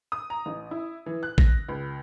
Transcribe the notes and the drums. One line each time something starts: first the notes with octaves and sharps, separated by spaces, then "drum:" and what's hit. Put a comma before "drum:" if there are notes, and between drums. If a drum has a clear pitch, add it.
D#6
A#5
A1
E4
E3
F#6
A#6, drum: kick G#1
C#2